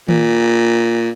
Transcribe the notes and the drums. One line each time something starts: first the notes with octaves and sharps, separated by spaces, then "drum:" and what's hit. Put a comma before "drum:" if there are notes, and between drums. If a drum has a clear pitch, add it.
A#2, drum: tom D#3